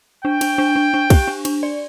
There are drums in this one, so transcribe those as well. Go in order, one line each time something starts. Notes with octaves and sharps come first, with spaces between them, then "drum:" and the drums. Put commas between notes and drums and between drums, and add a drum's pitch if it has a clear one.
D4 G5
D4, drum: cymbal
D4
D4
D4
G4, drum: kick, cymbal
D4
D4, drum: cymbal
D5